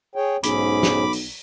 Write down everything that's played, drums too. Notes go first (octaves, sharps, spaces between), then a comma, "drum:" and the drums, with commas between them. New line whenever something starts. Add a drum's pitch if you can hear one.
G#4 C#5 G5
B1 G#2 C#4 G#4 B5 D6, drum: hi-hat
drum: snare
drum: open hi-hat